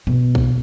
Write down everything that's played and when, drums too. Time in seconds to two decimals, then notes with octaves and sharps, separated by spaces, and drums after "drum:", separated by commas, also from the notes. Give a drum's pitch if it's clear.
0.07 B2
0.35 drum: kick